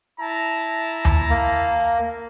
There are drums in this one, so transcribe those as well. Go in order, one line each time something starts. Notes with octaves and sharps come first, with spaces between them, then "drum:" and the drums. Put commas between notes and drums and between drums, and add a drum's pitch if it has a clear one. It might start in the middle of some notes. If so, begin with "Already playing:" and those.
E4 A5 A#5
drum: tom D#2
A#3